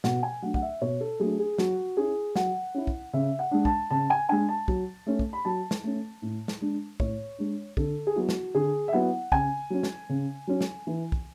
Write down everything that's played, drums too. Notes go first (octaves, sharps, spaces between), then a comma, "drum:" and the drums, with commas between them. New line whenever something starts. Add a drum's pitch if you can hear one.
B2 F#5, drum: snare
G#5
F#3 A3 D4 F#5
F#5, drum: kick
E5
B2 C#5
A4
F#3 A3 D4 G#4
G#4
F#3 F#4, drum: snare
C#4 E4 G#4
F#3 F#5, drum: snare
C#4 E4
drum: kick
C#3 E5
F#5
G#3 D4
A5, drum: kick
C#3 A5
G#5
G#3 D4 G#5
A5
F#3, drum: kick
A3 C#4
drum: kick
B5
F#3 A5
drum: snare
A3 C#4
A2
drum: snare
G#3 D4
A2 C#5, drum: kick
G#3 D4
D3 A4, drum: kick
G#4
F#3 B3 E4 F#4
drum: snare
D3 G#4
E5
F#3 B3 E4 F#5
C#3 G#5, drum: kick
F#3 C#4
drum: snare
C#3
F#3 C#4
drum: snare
E3
drum: kick